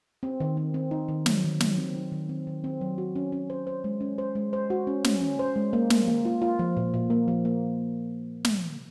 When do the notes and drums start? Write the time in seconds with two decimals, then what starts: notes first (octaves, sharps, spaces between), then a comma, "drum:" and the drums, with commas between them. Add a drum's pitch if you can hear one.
0.23 C4
0.40 D#3
0.57 C4
0.74 C4
0.91 D#4
1.08 D#3
1.26 F#3, drum: snare
1.44 D#3
1.60 F#3, drum: snare
1.78 C4
1.95 D#4
2.12 D#3
2.29 C4
2.47 D#3
2.64 C4
2.81 F#3
2.98 F#4
3.16 C#4
3.32 C#4
3.50 C5
3.67 C5
3.84 G#3
4.01 C#4
4.18 C5
4.35 G#3
4.53 C5
4.70 F#4
4.87 C#4
5.04 C#4, drum: snare
5.21 C#4
5.39 C5
5.56 G#3
5.73 A#3
5.90 A#3, drum: snare
6.08 A#3
6.25 F4
6.42 F4
6.59 F3
6.77 A#2
6.94 A#2
7.10 A#3
7.28 F3
7.45 A#3
8.45 drum: snare